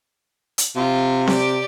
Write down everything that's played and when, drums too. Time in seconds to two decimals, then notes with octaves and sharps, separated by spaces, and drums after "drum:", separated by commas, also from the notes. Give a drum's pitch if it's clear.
0.58 drum: hi-hat
0.76 C3 F4
1.27 G4 D5, drum: snare C4